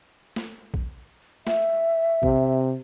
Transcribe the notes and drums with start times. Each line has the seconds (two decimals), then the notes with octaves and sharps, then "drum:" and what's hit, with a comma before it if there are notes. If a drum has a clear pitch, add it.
0.36 drum: snare
0.74 drum: kick A#1
1.47 E5, drum: snare
2.23 C3, drum: kick A#1